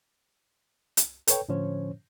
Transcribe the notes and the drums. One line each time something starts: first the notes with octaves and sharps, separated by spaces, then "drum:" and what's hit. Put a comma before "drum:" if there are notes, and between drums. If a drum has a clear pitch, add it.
drum: hi-hat
A4 B4 C#5 G5, drum: hi-hat
A2 D3 F3 C#4 C5 C#5